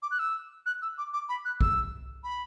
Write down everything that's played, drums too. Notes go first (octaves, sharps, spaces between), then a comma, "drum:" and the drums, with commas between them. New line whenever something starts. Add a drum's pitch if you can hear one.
D6
F#6
E6
F#6
E6
D6
D6
B5
F#6
E6, drum: kick
B5